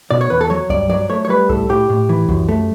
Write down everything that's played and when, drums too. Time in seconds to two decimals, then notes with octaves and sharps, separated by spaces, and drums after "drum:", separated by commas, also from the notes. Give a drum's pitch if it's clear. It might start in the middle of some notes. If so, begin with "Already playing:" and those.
0.11 B2 D5
0.21 C#5
0.30 E2 B4
0.41 A4
0.50 F#3 C#5
0.70 G2 D5, drum: kick C2
0.90 F#3 D5
1.10 A3 C#5
1.25 C#5
1.29 G3 B4
1.49 A2 A4, drum: kick C2
1.69 A2 G4
1.89 A2
2.09 E3
2.29 F#2, drum: kick C2
2.48 A3